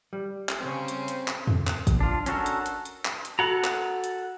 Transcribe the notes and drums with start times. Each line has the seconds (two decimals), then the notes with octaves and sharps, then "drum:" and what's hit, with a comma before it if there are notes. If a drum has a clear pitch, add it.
0.13 G3
0.49 drum: clap
0.60 C#3 C4 C#4
0.88 drum: hi-hat
1.08 drum: hi-hat
1.28 drum: clap
1.47 drum: tom E2
1.67 drum: clap
1.87 drum: kick, hi-hat
2.00 D4 F4
2.26 C#4 D4 F#4 A4 A#4, drum: hi-hat
2.46 drum: hi-hat
2.66 drum: hi-hat
2.85 drum: hi-hat
3.05 drum: clap
3.25 drum: hi-hat
3.39 F#4 A4 F#5 A#5
3.64 drum: clap
4.04 drum: hi-hat